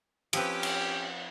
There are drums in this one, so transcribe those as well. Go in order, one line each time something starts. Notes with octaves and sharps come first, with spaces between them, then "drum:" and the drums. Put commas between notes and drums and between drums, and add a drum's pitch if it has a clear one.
F3 C4 C#4 G4 B4, drum: cymbal
drum: cymbal